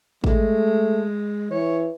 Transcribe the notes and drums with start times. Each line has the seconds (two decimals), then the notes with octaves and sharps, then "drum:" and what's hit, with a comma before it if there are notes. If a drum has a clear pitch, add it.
0.24 G#3 A3, drum: kick G#1
1.51 E3 C#5